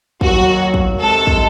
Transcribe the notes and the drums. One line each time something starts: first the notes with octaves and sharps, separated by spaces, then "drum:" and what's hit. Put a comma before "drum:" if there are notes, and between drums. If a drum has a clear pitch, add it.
D#2 D#3 F#3 F#4, drum: kick
drum: kick
C3 D#3 G#3 A4
drum: kick